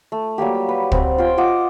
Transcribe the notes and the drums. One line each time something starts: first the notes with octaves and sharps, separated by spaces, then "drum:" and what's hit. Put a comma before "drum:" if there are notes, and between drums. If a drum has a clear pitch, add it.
A3
F#3 G3 A#3 G4
B4
C4, drum: kick
F4 C#5 G5
F4 D#5 F#5 D6